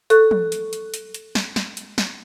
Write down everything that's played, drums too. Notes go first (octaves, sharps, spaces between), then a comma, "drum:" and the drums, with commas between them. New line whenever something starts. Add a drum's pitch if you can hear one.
A4 C#6 F#6, drum: hi-hat
drum: tom
drum: hi-hat
drum: hi-hat
drum: hi-hat
drum: hi-hat
drum: snare
drum: snare
drum: hi-hat
drum: snare